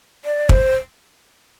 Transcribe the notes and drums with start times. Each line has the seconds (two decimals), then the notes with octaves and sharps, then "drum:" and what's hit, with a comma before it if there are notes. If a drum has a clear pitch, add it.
0.25 D5
0.49 C5, drum: kick